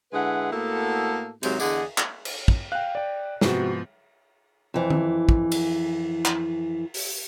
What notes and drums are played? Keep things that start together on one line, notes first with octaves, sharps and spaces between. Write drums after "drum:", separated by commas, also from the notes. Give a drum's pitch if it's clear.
D3 G#3 E4 G#4 B4 F#5
A2 A#3 B3 F#4 A4
G#2 C3 F#3 G#3, drum: cymbal
E2 D3 G#4 D5 D#5 F#5, drum: tambourine
drum: clap
drum: cymbal
drum: kick
F5 G5 F#6
D5 G5
G#2 C3 F3 B3 F#4, drum: snare
F2 E3
drum: tom D#3
drum: kick
drum: cymbal
drum: clap
drum: open hi-hat